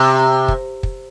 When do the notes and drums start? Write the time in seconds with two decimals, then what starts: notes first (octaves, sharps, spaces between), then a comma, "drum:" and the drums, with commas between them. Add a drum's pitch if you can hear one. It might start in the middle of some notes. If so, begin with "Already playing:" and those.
Already playing: C3
0.48 drum: kick
0.83 drum: kick